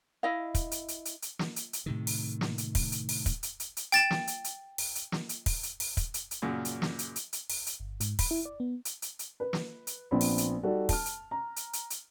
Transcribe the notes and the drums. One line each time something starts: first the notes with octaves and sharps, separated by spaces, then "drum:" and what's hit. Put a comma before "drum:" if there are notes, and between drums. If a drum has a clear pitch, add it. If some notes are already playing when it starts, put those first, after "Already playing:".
E4 D#5 F5
drum: kick, hi-hat
drum: hi-hat
drum: hi-hat
drum: hi-hat
drum: hi-hat
drum: snare
drum: hi-hat
drum: hi-hat
A2 C3 D#3
drum: open hi-hat
drum: snare
drum: hi-hat
drum: kick, open hi-hat
drum: hi-hat
drum: open hi-hat
drum: kick, hi-hat
drum: hi-hat
drum: hi-hat
drum: hi-hat
G5 A6 E7, drum: hi-hat
drum: snare
drum: hi-hat
drum: hi-hat
drum: open hi-hat
drum: hi-hat
drum: snare
drum: hi-hat
drum: kick, open hi-hat
drum: hi-hat
drum: open hi-hat
drum: kick, hi-hat
drum: hi-hat
drum: hi-hat
F#2 A#2 C#3
drum: hi-hat
drum: snare
drum: hi-hat
drum: hi-hat
drum: hi-hat
drum: open hi-hat
drum: hi-hat
G1
G#2, drum: hi-hat
B5, drum: kick, open hi-hat
E4
D5
B3
drum: hi-hat
drum: hi-hat
drum: hi-hat
B4
drum: snare
drum: hi-hat
A#1 F3 B3 C4 B5
drum: open hi-hat
drum: hi-hat
G3 D#4 F#4 A4
A5 F6, drum: kick, open hi-hat
drum: hi-hat
A#5
drum: hi-hat
drum: hi-hat
drum: hi-hat